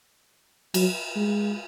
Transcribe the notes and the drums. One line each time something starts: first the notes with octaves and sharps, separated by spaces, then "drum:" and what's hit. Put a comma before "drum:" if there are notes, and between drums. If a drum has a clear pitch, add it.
F#3, drum: cymbal
G#3